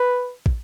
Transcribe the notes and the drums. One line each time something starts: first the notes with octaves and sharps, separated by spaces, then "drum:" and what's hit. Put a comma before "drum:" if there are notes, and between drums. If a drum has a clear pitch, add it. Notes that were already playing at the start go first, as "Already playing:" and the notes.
Already playing: B4
drum: kick